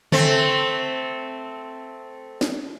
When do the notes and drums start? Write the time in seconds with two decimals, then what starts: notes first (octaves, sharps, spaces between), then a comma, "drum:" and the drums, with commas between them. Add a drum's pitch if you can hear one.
0.12 A3 C4, drum: tom C#3
2.41 drum: snare